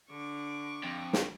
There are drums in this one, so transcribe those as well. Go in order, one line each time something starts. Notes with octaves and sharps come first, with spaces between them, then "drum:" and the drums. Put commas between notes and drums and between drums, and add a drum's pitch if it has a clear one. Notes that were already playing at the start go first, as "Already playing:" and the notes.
D3 C#6 D6
F2
drum: snare